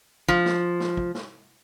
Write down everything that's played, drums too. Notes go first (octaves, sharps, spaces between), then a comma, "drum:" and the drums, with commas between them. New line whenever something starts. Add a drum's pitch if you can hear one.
F3, drum: kick
drum: snare
drum: snare
drum: kick
drum: snare